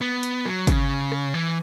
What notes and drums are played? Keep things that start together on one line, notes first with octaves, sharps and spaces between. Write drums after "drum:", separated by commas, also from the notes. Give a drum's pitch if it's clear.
B3
drum: hi-hat
F#3, drum: rim click
C#3, drum: kick, hi-hat
drum: rim click
E3